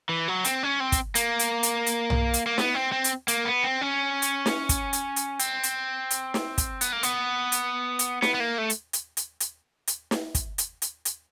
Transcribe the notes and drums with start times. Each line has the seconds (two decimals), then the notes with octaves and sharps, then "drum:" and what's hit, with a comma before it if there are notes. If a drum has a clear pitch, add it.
0.09 E3
0.28 F#3
0.45 C4, drum: hi-hat
0.63 C#4
0.80 C4
0.92 drum: kick, hi-hat
1.15 A#3, drum: hi-hat
1.39 drum: hi-hat
1.63 drum: hi-hat
1.86 drum: hi-hat
2.10 drum: tom
2.34 drum: hi-hat
2.46 A#3
2.58 B3, drum: snare
2.75 C4
2.92 C4
3.04 drum: hi-hat
3.28 A#3, drum: hi-hat
3.45 B3
3.64 C4
3.81 C#4
4.22 drum: hi-hat
4.46 drum: snare
4.69 drum: kick, hi-hat
4.93 drum: hi-hat
5.16 drum: hi-hat
5.39 C4, drum: hi-hat
5.63 drum: hi-hat
6.11 drum: hi-hat
6.34 drum: snare
6.58 drum: kick, hi-hat
6.81 B3, drum: hi-hat
6.92 A#3
7.03 B3, drum: hi-hat
7.52 drum: hi-hat
7.99 drum: hi-hat
8.22 B3, drum: snare
8.34 B3
8.40 A#3
8.58 A3
8.70 drum: hi-hat
8.93 drum: hi-hat
9.17 drum: hi-hat
9.40 drum: hi-hat
9.87 drum: hi-hat
10.11 drum: snare
10.35 drum: kick, hi-hat
10.58 drum: hi-hat
10.82 drum: hi-hat
11.05 drum: hi-hat